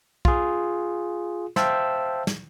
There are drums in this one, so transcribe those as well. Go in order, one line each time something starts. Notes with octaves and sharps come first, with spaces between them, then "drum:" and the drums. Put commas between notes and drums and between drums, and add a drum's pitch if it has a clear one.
F4 G#4, drum: kick
C5 E5 F5 G5 A5 E6, drum: snare
drum: snare